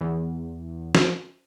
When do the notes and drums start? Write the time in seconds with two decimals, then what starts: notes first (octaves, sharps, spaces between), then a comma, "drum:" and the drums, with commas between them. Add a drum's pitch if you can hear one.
0.01 E2
0.95 drum: snare